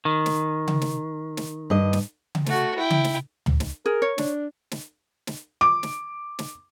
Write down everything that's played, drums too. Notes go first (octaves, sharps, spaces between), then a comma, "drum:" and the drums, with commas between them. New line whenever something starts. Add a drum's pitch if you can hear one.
D#3
drum: snare
drum: tom C#3
drum: snare
drum: snare
G2 D#5
drum: snare
drum: tom C#3
A3 F#4, drum: snare
E4 G5
drum: tom C#3
drum: snare
drum: tom
drum: snare
G#4 A#4
C#5
D4, drum: snare
drum: snare
drum: snare
D6
drum: snare
drum: snare